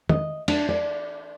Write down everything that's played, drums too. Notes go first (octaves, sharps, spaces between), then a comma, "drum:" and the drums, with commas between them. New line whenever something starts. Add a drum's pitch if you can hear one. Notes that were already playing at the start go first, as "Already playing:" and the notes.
D#5, drum: tom
D4, drum: cymbal
D5